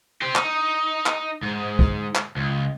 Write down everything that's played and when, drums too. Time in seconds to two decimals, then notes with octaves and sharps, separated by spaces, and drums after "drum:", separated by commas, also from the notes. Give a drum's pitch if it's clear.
0.22 G4 C5
0.36 D#4, drum: clap
1.06 drum: clap
1.43 G#2
1.79 drum: kick
2.15 drum: clap
2.37 C#2